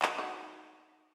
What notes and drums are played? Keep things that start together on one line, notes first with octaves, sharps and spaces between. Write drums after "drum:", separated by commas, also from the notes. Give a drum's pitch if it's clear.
drum: clap
D#4 F#4